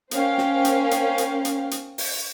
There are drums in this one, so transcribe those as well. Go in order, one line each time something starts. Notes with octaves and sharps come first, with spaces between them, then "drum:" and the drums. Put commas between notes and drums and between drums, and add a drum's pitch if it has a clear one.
A#3 C#4 C5 F5 G5, drum: hi-hat
drum: snare
drum: hi-hat
drum: hi-hat
drum: hi-hat
drum: hi-hat
drum: hi-hat
drum: open hi-hat